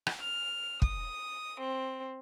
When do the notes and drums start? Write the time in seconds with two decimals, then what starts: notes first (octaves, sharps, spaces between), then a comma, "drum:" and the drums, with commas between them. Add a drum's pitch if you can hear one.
0.07 drum: rim click
0.19 F6
0.82 D#6, drum: kick
1.59 C4